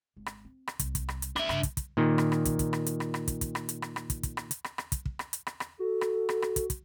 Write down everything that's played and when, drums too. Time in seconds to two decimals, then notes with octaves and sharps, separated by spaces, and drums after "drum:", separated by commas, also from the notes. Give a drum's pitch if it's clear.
0.17 G#1
0.26 drum: rim click
0.45 C4
0.67 drum: rim click
0.79 C2, drum: kick, hi-hat
0.95 drum: kick, hi-hat
1.09 drum: rim click
1.22 drum: hi-hat
1.36 A3 D4 E5, drum: rim click
1.49 G2 C#3, drum: rim click
1.63 drum: kick, hi-hat
1.77 drum: kick, hi-hat
1.97 A#2 D#3
2.18 drum: rim click
2.32 drum: rim click
2.45 drum: kick, hi-hat
2.59 drum: kick, hi-hat
2.73 drum: rim click
2.86 drum: hi-hat
3.00 drum: rim click
3.14 drum: rim click
3.28 drum: kick, hi-hat
3.41 drum: kick, hi-hat
3.55 drum: rim click
3.69 drum: hi-hat
3.82 drum: rim click
3.96 drum: rim click
4.10 drum: kick, hi-hat
4.23 drum: kick, hi-hat
4.37 drum: rim click
4.51 drum: hi-hat
4.64 drum: rim click
4.78 drum: rim click
4.92 drum: kick, hi-hat
5.05 drum: kick
5.19 drum: rim click
5.33 drum: hi-hat
5.47 drum: rim click
5.60 drum: rim click
5.79 F#4 A4
6.01 drum: rim click
6.29 drum: rim click
6.42 drum: rim click
6.56 drum: kick, hi-hat
6.70 drum: kick, hi-hat